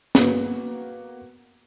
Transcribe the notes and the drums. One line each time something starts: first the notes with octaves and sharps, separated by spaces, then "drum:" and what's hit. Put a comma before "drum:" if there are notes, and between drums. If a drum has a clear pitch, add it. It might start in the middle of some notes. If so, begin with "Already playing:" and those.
A#3 B3 F#4, drum: snare